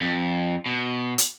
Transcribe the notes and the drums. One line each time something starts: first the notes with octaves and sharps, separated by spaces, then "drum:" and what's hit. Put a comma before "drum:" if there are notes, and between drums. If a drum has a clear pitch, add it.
F2
B2
drum: hi-hat